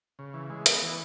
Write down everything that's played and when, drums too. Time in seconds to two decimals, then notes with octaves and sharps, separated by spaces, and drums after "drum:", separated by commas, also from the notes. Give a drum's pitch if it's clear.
0.19 C#3
0.34 E3
0.50 G#3
0.66 B3, drum: hi-hat
0.82 E3